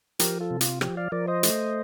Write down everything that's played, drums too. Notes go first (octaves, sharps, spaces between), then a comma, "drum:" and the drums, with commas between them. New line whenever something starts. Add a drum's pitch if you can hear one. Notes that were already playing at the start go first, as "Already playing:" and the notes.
F3 G4 A#4, drum: hi-hat
F4 A4
C3
F4, drum: hi-hat
F3 G4, drum: rim click
D5 F5
F3 A#4 D5
C5 D#5
A3, drum: hi-hat